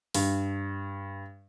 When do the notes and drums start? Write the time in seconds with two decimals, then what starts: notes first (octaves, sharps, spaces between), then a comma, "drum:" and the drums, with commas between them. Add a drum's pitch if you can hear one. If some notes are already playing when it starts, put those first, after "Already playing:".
0.14 G2, drum: open hi-hat